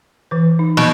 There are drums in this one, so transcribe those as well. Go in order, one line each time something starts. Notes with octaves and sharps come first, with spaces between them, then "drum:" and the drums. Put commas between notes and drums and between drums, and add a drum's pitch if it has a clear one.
E3 B4
D#4
B2, drum: snare